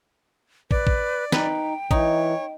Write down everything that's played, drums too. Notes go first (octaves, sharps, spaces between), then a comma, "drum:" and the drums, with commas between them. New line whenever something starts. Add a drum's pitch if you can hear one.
B4 D5, drum: kick
drum: kick
D#4 B4 G5, drum: snare
E3 D#4 C#5, drum: kick